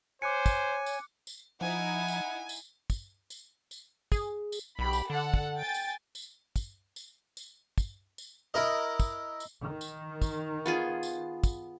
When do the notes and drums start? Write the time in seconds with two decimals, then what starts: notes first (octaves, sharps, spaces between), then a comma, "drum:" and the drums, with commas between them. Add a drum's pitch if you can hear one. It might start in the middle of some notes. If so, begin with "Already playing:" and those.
0.22 C5 C#5 G#5 D6 F#6 C#7
0.46 drum: kick, tambourine
0.86 drum: tambourine
1.27 drum: tambourine
1.61 F3 D#4 E4 F#5 G#5
2.08 drum: tambourine
2.49 drum: tambourine
2.90 drum: kick, tambourine
3.30 drum: tambourine
3.71 drum: tambourine
4.12 G#4, drum: kick, tambourine
4.52 drum: tambourine
4.79 B1 G4 B5
4.93 drum: tambourine
5.10 D3 A4 F#5
5.34 drum: kick
5.58 G5 G#5 A6
5.74 drum: tambourine
6.15 drum: tambourine
6.56 drum: kick, tambourine
6.96 drum: tambourine
7.37 drum: tambourine
7.78 drum: kick, tambourine
8.18 drum: tambourine
8.54 E4 A#4 D#5
9.00 drum: kick, tambourine
9.40 drum: tambourine
9.62 D#3
9.81 drum: tambourine
10.22 drum: kick, tambourine
10.66 B3 F4 G#4
11.03 drum: tambourine
11.44 drum: kick, tambourine